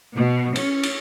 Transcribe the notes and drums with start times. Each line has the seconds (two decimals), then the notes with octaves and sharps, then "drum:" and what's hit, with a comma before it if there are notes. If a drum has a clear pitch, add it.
0.16 B2
0.56 C#4, drum: cymbal
0.83 drum: cymbal